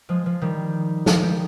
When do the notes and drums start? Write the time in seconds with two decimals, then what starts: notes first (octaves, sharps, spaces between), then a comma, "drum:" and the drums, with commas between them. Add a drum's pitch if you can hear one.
0.09 F3 G#3
0.26 F3
0.41 D#3 G3
1.06 F3, drum: snare
1.23 D#3 G3